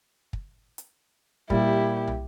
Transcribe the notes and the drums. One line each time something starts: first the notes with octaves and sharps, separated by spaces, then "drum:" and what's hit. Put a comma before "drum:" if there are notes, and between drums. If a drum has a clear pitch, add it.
drum: kick
drum: hi-hat
A#2 G3 E4 G4, drum: kick
drum: tom